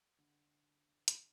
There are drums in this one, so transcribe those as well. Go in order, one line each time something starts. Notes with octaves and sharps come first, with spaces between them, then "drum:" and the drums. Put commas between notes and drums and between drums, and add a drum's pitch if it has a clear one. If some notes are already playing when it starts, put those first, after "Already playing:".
D3
drum: hi-hat